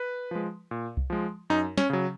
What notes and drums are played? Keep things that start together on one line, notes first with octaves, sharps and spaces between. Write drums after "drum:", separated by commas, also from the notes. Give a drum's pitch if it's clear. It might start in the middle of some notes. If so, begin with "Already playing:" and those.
Already playing: B4
F3 G#3
A#2
drum: kick C2
F3 G#3
F#2 D#4
C#4, drum: snare
C#3 F#3